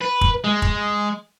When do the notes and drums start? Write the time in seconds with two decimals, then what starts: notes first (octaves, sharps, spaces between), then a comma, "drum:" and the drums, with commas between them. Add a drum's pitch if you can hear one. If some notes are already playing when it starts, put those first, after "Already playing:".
0.01 B4
0.21 drum: kick
0.44 G#3
0.62 drum: kick